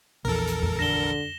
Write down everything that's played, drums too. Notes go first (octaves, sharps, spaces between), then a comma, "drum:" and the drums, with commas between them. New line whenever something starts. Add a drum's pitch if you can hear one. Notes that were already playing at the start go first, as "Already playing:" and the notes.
A#1 E2 A4 A#4
drum: hi-hat
drum: tom F2
D3 A#6 E7 G7